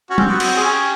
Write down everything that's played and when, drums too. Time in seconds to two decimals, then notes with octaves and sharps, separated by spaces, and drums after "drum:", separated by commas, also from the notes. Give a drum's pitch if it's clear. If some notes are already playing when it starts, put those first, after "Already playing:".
0.10 C#4 F#4
0.18 C4 G4, drum: tom F#3
0.26 B3 F#4
0.40 C4, drum: cymbal
0.57 G#4
0.61 C#4 G4